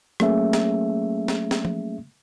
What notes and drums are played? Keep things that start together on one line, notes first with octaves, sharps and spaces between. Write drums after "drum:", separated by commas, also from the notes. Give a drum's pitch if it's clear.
F#3 A3 A#3 C#4 G#4 E5, drum: rim click
drum: snare
drum: snare
drum: snare
drum: tom F3